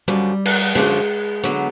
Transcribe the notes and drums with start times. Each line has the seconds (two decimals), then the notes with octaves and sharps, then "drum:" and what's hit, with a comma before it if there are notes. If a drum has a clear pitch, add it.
0.08 F#2 D3 F3 G3
0.45 drum: cymbal
0.75 F#2 D3 F3 G#3
1.43 D3 F#3 B3